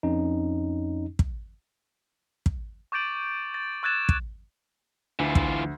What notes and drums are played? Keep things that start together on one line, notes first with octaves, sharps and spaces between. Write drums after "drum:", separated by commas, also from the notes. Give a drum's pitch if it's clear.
F2 C#4 D#4
drum: kick
drum: kick
C#6 D6 G6 A6 D7 F#7
A6
C#6 E6 F#6 G#6 A6 E7
drum: kick
D2 E3 F4
drum: kick